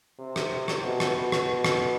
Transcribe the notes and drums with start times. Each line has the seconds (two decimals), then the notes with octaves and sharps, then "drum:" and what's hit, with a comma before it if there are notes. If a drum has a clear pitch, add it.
0.19 C3
0.36 drum: rim click
0.68 drum: rim click
0.84 B2
1.00 drum: rim click
1.17 B2
1.32 drum: rim click
1.65 drum: rim click